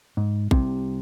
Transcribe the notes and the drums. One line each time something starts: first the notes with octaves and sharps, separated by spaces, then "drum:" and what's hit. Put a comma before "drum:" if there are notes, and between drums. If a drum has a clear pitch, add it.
G#2
C2 C3, drum: kick A#1